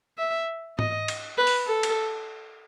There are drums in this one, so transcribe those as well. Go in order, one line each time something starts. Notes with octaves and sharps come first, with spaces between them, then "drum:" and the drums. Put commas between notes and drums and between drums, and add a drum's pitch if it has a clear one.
E5
D#5, drum: tom G#2
drum: cymbal
B4
drum: open hi-hat
A4
drum: cymbal